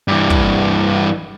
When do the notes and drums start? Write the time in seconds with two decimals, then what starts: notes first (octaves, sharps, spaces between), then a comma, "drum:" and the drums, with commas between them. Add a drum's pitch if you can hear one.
0.08 G2 E3
0.30 drum: kick